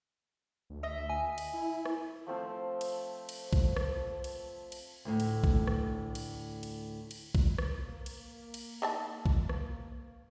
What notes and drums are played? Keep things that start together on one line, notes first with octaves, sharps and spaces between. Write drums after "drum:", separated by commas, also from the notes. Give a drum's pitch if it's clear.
D2
D#5 E5
G#5
drum: cymbal
E4
drum: rim click
F3 A3 C4 F5
drum: cymbal
drum: cymbal
drum: kick A#1
drum: rim click
drum: cymbal
drum: cymbal
D2 A2
drum: cymbal
drum: kick A#1
drum: rim click
drum: cymbal
drum: cymbal
drum: cymbal
drum: kick A#1
drum: rim click
A#3
drum: cymbal
drum: cymbal
D#3 A#3 E4 A5
drum: kick A#1
drum: rim click